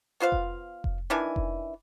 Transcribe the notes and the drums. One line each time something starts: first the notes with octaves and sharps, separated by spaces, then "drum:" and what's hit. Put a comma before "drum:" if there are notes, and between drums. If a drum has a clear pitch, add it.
B3 F4 C5 F5
drum: kick F1
drum: kick F1
D#3 E3 D4 G#5
drum: kick F1